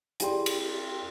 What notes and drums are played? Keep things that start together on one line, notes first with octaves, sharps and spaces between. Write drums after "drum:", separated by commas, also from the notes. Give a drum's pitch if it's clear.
E4 G4 G#4 D5 G5 C6, drum: hi-hat
drum: cymbal